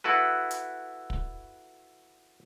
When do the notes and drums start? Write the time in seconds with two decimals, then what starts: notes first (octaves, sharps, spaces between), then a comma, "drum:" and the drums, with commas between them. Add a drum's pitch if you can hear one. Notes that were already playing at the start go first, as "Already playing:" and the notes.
0.04 E4 F#4 A4 B4
0.51 drum: hi-hat
1.10 drum: kick